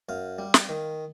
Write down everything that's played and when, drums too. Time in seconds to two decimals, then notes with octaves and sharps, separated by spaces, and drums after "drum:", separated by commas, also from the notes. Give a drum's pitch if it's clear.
0.09 F#2 F5
0.38 G3
0.54 drum: snare
0.69 D#3